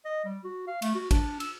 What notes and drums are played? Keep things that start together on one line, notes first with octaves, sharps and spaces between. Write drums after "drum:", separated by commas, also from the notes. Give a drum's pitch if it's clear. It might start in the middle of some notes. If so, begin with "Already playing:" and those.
D#5
G3
F#4
F5
A3, drum: cymbal
F#4
D4, drum: kick, cymbal
E6, drum: cymbal